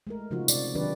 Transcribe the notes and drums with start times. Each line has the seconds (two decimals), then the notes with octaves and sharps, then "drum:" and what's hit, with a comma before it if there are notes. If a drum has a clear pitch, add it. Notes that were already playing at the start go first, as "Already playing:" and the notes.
0.07 G#3 A3 A#4
0.31 C#3 F3 D#4 F4 F#4
0.48 C3 D5, drum: tambourine
0.75 D#3 F#3 D4 G4 B4 D5